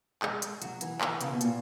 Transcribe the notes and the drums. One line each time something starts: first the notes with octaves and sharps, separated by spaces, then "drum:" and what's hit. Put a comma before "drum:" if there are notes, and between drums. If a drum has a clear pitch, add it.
G#3, drum: clap
drum: hi-hat
F#3, drum: hi-hat
E3, drum: hi-hat
E3, drum: clap
C#3, drum: hi-hat
B2
A#2, drum: hi-hat